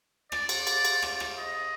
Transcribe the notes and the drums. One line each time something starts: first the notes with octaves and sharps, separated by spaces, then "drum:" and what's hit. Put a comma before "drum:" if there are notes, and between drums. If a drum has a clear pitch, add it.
D5, drum: rim click
drum: cymbal
drum: cymbal
drum: cymbal
drum: rim click
drum: rim click
D#5